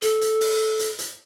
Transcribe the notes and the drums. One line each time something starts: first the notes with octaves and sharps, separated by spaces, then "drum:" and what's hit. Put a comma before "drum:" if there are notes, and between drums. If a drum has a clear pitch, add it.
A4, drum: hi-hat
drum: hi-hat
drum: open hi-hat
drum: hi-hat
drum: hi-hat